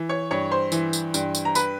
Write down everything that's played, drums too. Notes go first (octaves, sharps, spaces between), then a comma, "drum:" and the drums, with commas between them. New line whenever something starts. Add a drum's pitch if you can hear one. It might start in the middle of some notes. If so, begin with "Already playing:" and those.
Already playing: E3
C#5 C#6
G2 C#5 C#6
C5 C6
E3, drum: tambourine
drum: tambourine
G2, drum: tambourine
drum: tambourine
A#5
B4 B5, drum: tambourine